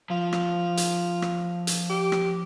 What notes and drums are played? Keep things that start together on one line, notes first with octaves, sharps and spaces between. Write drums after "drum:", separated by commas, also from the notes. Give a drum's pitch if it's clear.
F3 F4
drum: rim click
drum: hi-hat
drum: rim click
drum: hi-hat
G4
drum: rim click